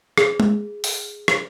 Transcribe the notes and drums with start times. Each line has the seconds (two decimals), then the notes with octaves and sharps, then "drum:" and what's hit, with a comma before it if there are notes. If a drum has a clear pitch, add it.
0.18 G#4, drum: rim click
0.40 drum: tom G#3
0.84 drum: open hi-hat
1.28 drum: rim click